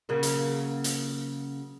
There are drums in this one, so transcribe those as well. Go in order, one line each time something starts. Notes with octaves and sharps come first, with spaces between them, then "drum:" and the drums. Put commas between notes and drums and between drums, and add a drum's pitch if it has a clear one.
C#3 F#3 A#3
drum: hi-hat
drum: hi-hat